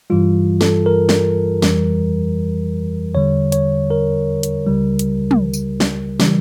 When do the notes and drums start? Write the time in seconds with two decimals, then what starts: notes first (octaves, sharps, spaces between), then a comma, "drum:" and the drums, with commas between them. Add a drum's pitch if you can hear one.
0.10 G2 E3 G3 F4
0.61 A4, drum: snare
0.86 A#4
1.09 drum: snare
1.62 F2 E3 G3, drum: snare
3.15 E2 D3 G3 C#5
3.52 C#5, drum: hi-hat
3.91 A#4
4.43 drum: hi-hat
4.67 C#2 C#3 G3
4.99 drum: hi-hat
5.31 drum: tom
5.53 drum: tambourine
5.80 drum: snare
6.20 C#3 E3 G3, drum: snare